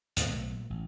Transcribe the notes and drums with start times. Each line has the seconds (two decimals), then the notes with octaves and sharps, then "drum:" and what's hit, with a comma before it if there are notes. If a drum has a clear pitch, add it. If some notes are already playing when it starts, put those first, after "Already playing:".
0.17 D#2 A2 C3 C4, drum: hi-hat
0.31 B1 A3
0.53 A#2
0.70 A1